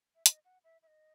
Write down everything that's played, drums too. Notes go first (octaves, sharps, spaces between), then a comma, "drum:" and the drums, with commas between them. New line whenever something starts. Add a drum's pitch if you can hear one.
E5
D#5, drum: hi-hat
F#5
E5
E5
D#5